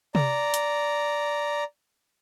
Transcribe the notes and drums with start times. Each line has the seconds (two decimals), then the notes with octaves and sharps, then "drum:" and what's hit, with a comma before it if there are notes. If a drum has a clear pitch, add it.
0.15 D5 A#5, drum: tom C3
0.54 drum: hi-hat